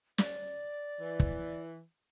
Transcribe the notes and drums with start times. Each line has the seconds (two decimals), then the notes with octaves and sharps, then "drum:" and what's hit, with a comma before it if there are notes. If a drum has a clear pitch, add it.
0.18 D5, drum: snare
1.00 E3
1.20 drum: kick